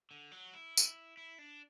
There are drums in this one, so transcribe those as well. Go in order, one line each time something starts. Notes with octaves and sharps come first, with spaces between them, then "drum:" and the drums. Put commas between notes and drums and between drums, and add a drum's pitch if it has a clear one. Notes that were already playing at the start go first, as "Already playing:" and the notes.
D3
F#3
E4
drum: tambourine
E4
D4